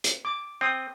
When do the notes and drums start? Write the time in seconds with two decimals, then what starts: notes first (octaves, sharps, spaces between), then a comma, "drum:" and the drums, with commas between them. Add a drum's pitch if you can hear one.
0.04 drum: hi-hat
0.25 D6
0.61 C4 G5 D#6